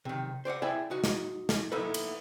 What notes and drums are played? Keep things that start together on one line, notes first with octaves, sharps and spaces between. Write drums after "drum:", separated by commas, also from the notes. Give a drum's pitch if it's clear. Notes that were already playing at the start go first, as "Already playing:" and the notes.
C3 D#3
C5 D5 F5 F#5
E4 G#4 D5 E5 G5
D#4 F#4
drum: snare
drum: snare
A#3 B3 D#4 E4 A4 B4
drum: cymbal